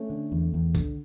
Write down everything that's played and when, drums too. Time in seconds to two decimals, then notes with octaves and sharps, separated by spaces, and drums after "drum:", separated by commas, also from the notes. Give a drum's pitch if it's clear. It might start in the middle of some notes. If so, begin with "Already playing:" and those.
Already playing: A3 C#4
0.10 D3
0.32 E2
0.54 E2
0.75 D3, drum: kick C2, tambourine